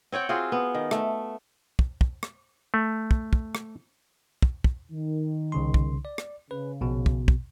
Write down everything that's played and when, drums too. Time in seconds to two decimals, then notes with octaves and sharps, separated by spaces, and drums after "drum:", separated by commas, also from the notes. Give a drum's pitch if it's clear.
0.12 C4 C#5 F#5 G5
0.29 C4 F4 F#4 G#4
0.52 B3
0.75 D#3
0.91 A3, drum: rim click
1.79 drum: kick
2.01 drum: kick
2.23 drum: rim click
2.74 A3
3.11 drum: kick
3.33 drum: kick
3.55 drum: rim click
4.42 drum: kick
4.64 drum: kick
4.91 D#3
5.52 C2 C#3 C6
5.74 drum: kick
6.05 D5
6.18 drum: rim click
6.51 C#3 B4
6.81 A#1 B2
7.06 drum: kick
7.28 drum: kick